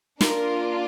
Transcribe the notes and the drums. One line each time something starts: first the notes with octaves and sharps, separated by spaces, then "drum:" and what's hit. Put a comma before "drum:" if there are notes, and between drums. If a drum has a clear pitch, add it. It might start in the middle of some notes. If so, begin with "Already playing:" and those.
A#3 D4 F4 A#4, drum: snare